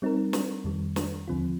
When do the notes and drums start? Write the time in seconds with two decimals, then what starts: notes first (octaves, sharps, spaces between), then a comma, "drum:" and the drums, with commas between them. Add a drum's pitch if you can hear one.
0.02 G3 C4 D#4 A#4
0.33 drum: snare
0.64 F2 D#3 G3
0.96 drum: snare
1.28 D#2 D3 F3 C4 F4